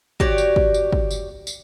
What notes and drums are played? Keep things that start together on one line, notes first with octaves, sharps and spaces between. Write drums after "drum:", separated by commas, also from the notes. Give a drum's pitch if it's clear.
F#4 G4 C#5 D5, drum: kick
drum: tambourine
drum: kick
drum: tambourine
drum: kick
drum: tambourine
drum: tambourine